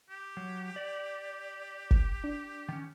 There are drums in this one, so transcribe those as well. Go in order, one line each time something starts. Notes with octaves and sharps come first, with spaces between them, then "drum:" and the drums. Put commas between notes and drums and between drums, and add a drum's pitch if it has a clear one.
G4
F#3
D5
drum: kick
D4
D#3 C#4